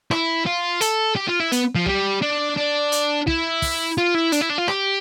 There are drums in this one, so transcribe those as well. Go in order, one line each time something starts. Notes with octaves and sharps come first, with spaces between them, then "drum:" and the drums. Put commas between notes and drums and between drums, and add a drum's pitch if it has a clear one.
E4, drum: rim click
F4
A4, drum: hi-hat
G4
F4
E4
B3, drum: hi-hat
F3
G3, drum: kick
D4
D4
drum: hi-hat
E4, drum: kick
drum: kick, open hi-hat
F4
E4
D4, drum: hi-hat
E4
D4
F4
G4, drum: rim click